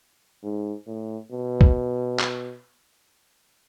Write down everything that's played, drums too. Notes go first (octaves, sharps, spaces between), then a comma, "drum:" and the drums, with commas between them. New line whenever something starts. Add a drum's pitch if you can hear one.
G#2
A2
B2
drum: kick
drum: clap